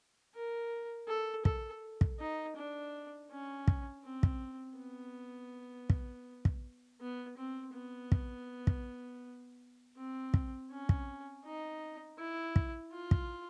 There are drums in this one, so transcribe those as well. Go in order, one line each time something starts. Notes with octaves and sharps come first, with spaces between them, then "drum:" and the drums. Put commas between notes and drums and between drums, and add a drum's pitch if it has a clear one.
A#4
A4
A4, drum: kick
drum: kick
D#4
D4
C#4
drum: kick
C4
drum: kick
B3
drum: kick
drum: kick
B3
C4
B3
drum: kick
drum: kick
C4
drum: kick
C#4
drum: kick
D#4
E4
drum: kick
F4
drum: kick